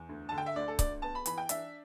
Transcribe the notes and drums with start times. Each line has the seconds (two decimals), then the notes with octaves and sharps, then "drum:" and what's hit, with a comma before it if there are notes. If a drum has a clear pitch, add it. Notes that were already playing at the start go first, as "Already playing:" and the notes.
Already playing: E2
0.09 D2
0.29 D3 A5
0.38 G5
0.46 E5
0.56 D2 D5
0.68 A4
0.79 D2 D5, drum: kick C#1, hi-hat
1.02 B3 A5
1.15 B5
1.26 E3 B5, drum: hi-hat
1.38 G5
1.49 D4 E5, drum: hi-hat